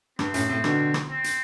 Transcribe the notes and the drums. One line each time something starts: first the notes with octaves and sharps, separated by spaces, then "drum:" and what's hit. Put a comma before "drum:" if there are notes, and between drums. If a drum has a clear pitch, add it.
G2 C4, drum: rim click
F#2 A2, drum: hi-hat
A2 C3
B2 D3, drum: rim click
drum: rim click
C4
drum: hi-hat